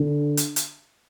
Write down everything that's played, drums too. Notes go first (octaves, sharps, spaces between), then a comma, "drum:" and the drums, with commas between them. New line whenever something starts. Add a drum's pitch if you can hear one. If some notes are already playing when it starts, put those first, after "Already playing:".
Already playing: D3
drum: hi-hat
drum: hi-hat